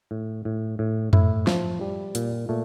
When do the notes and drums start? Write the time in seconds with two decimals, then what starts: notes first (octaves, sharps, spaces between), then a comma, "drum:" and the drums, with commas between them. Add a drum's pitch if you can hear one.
0.11 A2
0.45 A2
0.79 A2
1.13 A2 E4, drum: tom F2
1.47 F3, drum: snare
1.81 G3
2.15 A#2, drum: hi-hat
2.49 A#2 A3